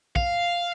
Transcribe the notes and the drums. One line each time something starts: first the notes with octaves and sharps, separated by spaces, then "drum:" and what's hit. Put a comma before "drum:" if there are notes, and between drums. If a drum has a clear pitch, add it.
F5, drum: kick